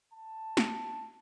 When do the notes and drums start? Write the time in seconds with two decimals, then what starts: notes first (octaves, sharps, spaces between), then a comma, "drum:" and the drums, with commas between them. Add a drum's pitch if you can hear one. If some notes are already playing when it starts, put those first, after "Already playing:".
0.14 A5
0.57 drum: snare